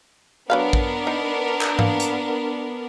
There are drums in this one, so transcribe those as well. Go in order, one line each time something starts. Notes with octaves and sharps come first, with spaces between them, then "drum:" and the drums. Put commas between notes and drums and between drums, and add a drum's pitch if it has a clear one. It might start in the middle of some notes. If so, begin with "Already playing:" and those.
F#3 B3 D4 A#4 B4 F5
drum: kick
D#4
drum: clap
A#3, drum: tom G#2
drum: hi-hat